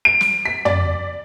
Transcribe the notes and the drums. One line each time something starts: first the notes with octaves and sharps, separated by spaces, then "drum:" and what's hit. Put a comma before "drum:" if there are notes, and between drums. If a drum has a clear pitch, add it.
D7
drum: snare
B6
D5, drum: tom